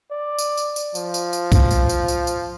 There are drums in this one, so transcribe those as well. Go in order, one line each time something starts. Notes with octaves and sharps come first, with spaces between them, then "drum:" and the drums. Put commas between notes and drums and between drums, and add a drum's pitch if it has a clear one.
D5
drum: tambourine
drum: tambourine
drum: tambourine
F3, drum: tambourine
drum: tambourine
drum: tambourine
drum: kick C2, tambourine
drum: tambourine
drum: tambourine
drum: tambourine
drum: tambourine